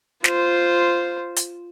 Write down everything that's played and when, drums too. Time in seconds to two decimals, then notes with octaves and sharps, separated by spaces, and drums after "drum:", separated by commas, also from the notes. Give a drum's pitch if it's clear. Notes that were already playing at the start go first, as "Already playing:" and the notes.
0.24 F4 C5, drum: snare
1.36 drum: hi-hat